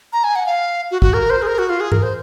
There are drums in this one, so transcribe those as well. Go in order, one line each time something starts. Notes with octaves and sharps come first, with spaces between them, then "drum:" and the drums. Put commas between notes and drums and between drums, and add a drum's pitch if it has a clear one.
A#5
G#5
F#5
F5
F#4
F#4, drum: kick
A#4
C5
G#4
A#4
F#4
F4
G#4
A#4, drum: tom G2
C5